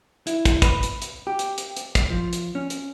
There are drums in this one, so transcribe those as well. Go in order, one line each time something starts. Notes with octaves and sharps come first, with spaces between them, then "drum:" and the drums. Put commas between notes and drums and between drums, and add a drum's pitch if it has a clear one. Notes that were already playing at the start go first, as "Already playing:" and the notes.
E4, drum: hi-hat
drum: kick, hi-hat
B4, drum: kick, hi-hat
drum: hi-hat
drum: hi-hat
G4
drum: hi-hat
drum: hi-hat
drum: hi-hat
drum: kick, hi-hat
F3
drum: hi-hat
C#4
drum: hi-hat